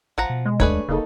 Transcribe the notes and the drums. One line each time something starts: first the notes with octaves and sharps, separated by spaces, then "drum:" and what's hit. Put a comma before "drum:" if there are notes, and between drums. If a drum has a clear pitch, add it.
A1 F3 F#5 A#5
B2
G#3
D#2 A3 D4 G#4 B4 C#5, drum: kick
E1 C#3 A#3 D#4 A4